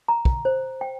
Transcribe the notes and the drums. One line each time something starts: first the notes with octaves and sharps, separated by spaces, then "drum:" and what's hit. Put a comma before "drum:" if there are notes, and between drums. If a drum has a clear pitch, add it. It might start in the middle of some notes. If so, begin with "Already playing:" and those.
A#5
drum: kick
C5
G5